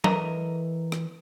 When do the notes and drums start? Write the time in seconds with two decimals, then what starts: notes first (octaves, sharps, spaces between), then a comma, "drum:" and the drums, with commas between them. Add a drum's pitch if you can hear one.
0.04 E3 A4 A#4 D#5 A#5, drum: tom
0.92 drum: rim click